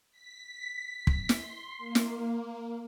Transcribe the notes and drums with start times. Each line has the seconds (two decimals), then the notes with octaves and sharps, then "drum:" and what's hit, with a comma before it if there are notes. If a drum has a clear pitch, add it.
0.10 B6
1.07 drum: kick
1.29 C6, drum: snare
1.78 A#3
1.95 drum: snare